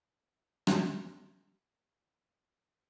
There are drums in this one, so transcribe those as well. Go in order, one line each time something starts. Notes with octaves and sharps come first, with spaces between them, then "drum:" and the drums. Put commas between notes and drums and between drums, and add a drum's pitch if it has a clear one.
A#4 C#5
drum: rim click
C3 E3 A3
C#2 F#2 A#2 D4